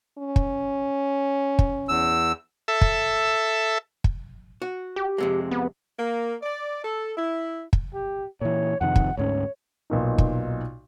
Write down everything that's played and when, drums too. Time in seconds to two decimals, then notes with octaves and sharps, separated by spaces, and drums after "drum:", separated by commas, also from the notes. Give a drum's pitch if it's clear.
0.18 C#4
0.36 drum: kick
1.59 drum: kick
1.89 E2 E6
2.68 A4 E5
2.81 drum: kick
4.04 drum: kick
4.62 F#4
4.96 G4
5.18 F2 C3 G#3
5.51 B3
5.99 A#3
6.42 D5
6.84 A4
7.17 E4
7.73 drum: kick
7.94 G4
8.41 A#2 E3 C#5
8.81 F2 C3 D#3 F#5
8.96 drum: kick
9.17 D2 G#2 C#4 C#5
9.90 B1 A#2 D#4
10.18 drum: kick